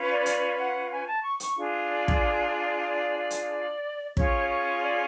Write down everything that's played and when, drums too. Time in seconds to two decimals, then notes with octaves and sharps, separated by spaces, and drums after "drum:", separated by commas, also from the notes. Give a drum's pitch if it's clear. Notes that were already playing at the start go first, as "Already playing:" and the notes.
Already playing: C#4 F4 B4
0.10 D5
0.26 D5, drum: hi-hat
0.58 F#5
0.91 G#5
1.07 A5
1.23 C#6
1.40 C#6, drum: hi-hat
1.55 D4 F4 G#4
1.88 D5
2.08 drum: kick
2.86 D5
3.19 D5
3.31 drum: hi-hat
4.17 C#4 F4 G#4 C#5, drum: kick
4.49 C#5
4.82 D5